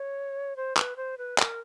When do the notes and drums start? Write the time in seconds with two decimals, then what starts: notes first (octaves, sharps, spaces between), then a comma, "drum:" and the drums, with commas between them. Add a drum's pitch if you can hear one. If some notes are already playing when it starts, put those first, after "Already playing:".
Already playing: C#5
0.56 C5
0.77 B4, drum: clap
0.96 C5
1.18 B4
1.38 A#4, drum: clap